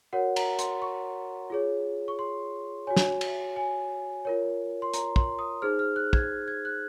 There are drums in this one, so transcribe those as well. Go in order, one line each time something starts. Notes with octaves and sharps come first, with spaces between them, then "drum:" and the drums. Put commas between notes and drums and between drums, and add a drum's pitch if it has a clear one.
F#4 A#4 C#5 F#5
A#5, drum: cymbal
C6, drum: hi-hat
C#6
F4 G#4 C#5
C#6
C6
F#4 C#5 G#5
drum: snare
drum: cymbal
G#5
F4 A#4 C#5
C6
A#5, drum: hi-hat
C6, drum: kick
D#6
D#4 G#4 C5 F6
F6
F#6
G#6, drum: kick
G#6
F#6